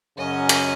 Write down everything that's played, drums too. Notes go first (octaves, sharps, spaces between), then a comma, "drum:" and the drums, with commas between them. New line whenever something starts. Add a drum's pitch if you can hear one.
F#2 C#3 F#3 C#4 D#5
drum: hi-hat